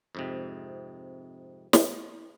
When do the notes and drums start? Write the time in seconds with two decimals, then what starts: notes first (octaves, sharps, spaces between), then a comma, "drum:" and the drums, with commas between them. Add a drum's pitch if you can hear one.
0.15 F2 G#2 C3
1.73 drum: snare